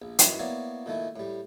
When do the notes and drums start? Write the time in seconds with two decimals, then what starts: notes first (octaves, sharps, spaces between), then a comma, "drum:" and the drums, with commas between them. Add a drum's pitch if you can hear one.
0.02 A#1
0.19 F#2 D#3 E3 B5 D#6, drum: hi-hat
0.39 A#3 B3 E4 C#5 D5
0.86 A#2 D#3 A3 E4
1.16 A2 G3